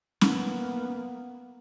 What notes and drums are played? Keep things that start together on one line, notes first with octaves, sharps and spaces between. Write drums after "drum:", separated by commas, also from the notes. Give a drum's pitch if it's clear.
A#3 B3, drum: snare